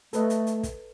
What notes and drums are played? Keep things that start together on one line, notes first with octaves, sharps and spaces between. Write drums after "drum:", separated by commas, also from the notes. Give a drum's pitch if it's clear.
A3 A4 B4 D#5, drum: hi-hat
drum: hi-hat
drum: hi-hat
drum: kick, hi-hat